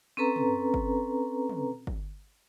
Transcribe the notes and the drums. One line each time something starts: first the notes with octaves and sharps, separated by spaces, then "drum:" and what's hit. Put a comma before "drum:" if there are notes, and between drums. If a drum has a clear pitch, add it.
C4 C#4 A4 B4 A#5
drum: tom
drum: kick G1
drum: tom
drum: kick G1